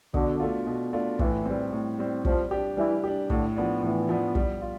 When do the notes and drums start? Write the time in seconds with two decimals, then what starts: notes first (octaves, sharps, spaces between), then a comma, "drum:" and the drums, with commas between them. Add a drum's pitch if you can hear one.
0.14 B2 D3, drum: kick
0.40 A3 D4 F4
0.67 B2
0.93 A3 D4 F4
1.19 A2 E3, drum: kick
1.45 G3 C4
1.72 A2
1.99 G3 C4
2.25 F3 G3, drum: kick
2.51 D4 G4
2.77 E3 G3
3.04 D4 G4
3.30 A2 D3, drum: kick
3.56 F3 B3 D4
3.83 A2 E3
4.09 F3 B3 D4
4.35 G3, drum: kick
4.62 F4